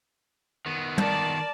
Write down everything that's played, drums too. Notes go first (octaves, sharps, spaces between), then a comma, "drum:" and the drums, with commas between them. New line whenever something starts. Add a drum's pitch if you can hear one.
D#3 B3
A#4 D5 A5, drum: tom